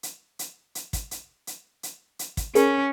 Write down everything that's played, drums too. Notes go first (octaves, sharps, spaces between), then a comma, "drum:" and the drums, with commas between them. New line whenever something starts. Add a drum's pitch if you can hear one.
drum: hi-hat
drum: hi-hat
drum: hi-hat
drum: kick, hi-hat
drum: hi-hat
drum: hi-hat
drum: hi-hat
drum: hi-hat
drum: kick, hi-hat
C#4 G#4 A#4, drum: hi-hat